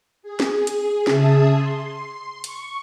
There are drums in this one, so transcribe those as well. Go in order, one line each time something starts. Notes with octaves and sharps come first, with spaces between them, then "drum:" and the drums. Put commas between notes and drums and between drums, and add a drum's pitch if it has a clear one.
G#4
drum: snare
drum: hi-hat
C#3 G#4 E5 A5 D#6, drum: snare
C6
C#6, drum: hi-hat